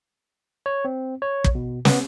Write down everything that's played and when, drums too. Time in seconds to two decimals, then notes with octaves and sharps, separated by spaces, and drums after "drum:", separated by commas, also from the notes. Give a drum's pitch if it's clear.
0.66 C#5
0.85 C4
1.22 C#5
1.44 drum: kick
1.55 B2
1.85 B3, drum: snare